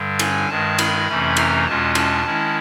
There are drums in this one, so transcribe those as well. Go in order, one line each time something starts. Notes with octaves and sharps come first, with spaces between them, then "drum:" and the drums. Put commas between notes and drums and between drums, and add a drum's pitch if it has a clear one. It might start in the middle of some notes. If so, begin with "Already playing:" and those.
Already playing: G2 D3 G3
G#5, drum: cymbal
G2 D#3 G#3 A5
B5, drum: cymbal
F2 C3 E3 A3 C#4
A#5, drum: cymbal
E2 B2 G#3 C#4 F4 A5
A5, drum: cymbal
D#3 G#3 C#4 E4